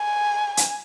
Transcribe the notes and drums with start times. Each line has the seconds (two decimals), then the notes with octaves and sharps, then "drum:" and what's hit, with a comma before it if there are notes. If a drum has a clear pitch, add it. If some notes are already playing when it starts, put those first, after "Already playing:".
Already playing: G#5
0.57 drum: hi-hat